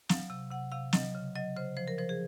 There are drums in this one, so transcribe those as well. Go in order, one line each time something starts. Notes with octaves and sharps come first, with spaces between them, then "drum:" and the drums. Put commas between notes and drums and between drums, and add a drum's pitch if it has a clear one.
F#3 F5, drum: snare
C3
C3 F#5
C3 F5
F#3 D#5, drum: snare
C#3
F#3 D#5
C#3 C5
F3 C5
A#4
F3 C5
G#4